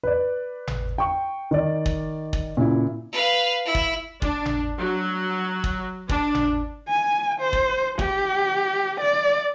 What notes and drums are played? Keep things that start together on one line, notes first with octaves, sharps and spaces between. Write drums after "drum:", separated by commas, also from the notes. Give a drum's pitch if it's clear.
B4 D5
drum: tom G#1
G5 C#6
D#3 D5
drum: kick
drum: kick
A#2 C#3 E4
B4 F5
E4
drum: kick
D4, drum: kick
drum: tom G#1
F#3
drum: kick
D4, drum: kick
drum: tom G#1
G#5
C5
drum: kick
G4, drum: kick
D5